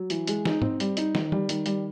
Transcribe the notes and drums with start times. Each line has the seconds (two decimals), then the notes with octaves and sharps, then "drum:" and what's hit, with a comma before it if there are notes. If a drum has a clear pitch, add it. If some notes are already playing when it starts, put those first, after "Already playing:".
Already playing: F#3
0.10 E3, drum: hi-hat
0.27 G#3, drum: hi-hat
0.45 D#4, drum: snare
0.62 C4, drum: tom G#2
0.80 G3, drum: hi-hat
0.97 D#4, drum: hi-hat
1.15 D#3, drum: snare
1.32 G3, drum: tom
1.49 D#3, drum: hi-hat
1.66 G3, drum: hi-hat